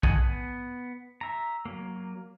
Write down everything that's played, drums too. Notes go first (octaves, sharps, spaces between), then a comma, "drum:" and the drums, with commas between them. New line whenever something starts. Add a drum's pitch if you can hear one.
G#4 D#5 F#5 G#5 A5, drum: kick A#1
B3
E5 A#5
F#3 A#3